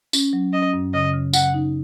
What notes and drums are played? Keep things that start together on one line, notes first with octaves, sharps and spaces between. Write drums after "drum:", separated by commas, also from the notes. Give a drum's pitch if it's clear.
C#4, drum: tambourine
F#3
C#4 D#5
F#2
C#3 D#5
C#3
C#3 F#5, drum: tambourine
D#4